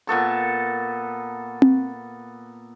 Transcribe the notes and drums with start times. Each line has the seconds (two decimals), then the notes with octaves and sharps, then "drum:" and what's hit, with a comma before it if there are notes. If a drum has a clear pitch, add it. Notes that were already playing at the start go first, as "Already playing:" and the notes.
0.07 A#2 B3 A4 C#6
1.62 drum: tom C4